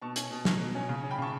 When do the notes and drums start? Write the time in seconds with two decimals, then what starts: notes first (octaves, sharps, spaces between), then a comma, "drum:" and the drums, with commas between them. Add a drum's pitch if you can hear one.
0.02 B2 A5 C#6
0.16 C#4, drum: hi-hat
0.30 B2
0.45 F#3, drum: snare
0.60 B2
0.75 C#4
0.89 C#3
1.03 C#4
1.11 G5 B5
1.18 C#3 A5 C#6